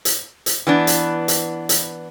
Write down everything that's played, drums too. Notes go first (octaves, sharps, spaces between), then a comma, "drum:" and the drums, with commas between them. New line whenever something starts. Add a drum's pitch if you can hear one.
drum: hi-hat
drum: hi-hat
E3 B3 D4
drum: hi-hat
drum: hi-hat
drum: hi-hat